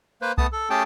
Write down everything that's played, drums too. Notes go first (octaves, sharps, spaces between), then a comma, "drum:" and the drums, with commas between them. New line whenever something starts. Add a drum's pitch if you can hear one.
A#3 B4 C5
A3 B3 A5 D#6, drum: kick C2
A4
A3 C#4 G4 G#4 G5 A5